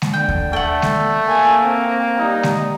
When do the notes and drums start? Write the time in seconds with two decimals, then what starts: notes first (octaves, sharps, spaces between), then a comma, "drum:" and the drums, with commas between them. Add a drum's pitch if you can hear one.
0.02 drum: snare G#3
0.13 D3 G5
0.28 drum: kick D#2
0.53 A3 F#5 G5
0.82 drum: snare G#3
1.29 A#3 G#5
1.63 C4
2.19 G3 D#4
2.43 drum: snare G#3